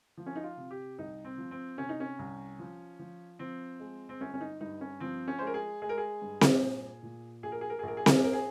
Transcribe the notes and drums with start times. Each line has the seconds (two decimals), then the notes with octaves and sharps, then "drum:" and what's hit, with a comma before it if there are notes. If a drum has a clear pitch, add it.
0.17 F3
0.26 C#4
0.36 D#4
0.44 F4
0.57 C3
0.71 G4
0.98 C2 D#4
1.25 C4
1.38 F3
1.51 C4
1.78 C3 C#4
1.89 D#4
2.00 C#4
2.19 C2
2.59 F3
2.99 F3
3.39 F3 C4
3.80 G#3
4.09 C4
4.20 G1 C#4
4.34 C#4
4.41 D#4
4.61 G2 D#4
4.81 C#4
5.00 F3 C4
5.28 C#4
5.39 G#3 C5
5.47 A#4
5.54 G#4
5.82 G#3 G#4
5.89 A#4
5.98 G#4
6.22 G2
6.41 drum: snare C4
6.62 A#2
7.03 A#2
7.43 A#1 G#4
7.52 A#4
7.61 G#4
7.70 A#4
7.79 A#1 G#4
7.88 A#4
7.97 G#4
8.06 A#4, drum: snare C4
8.15 G#4
8.23 A#1 A#4
8.33 G#4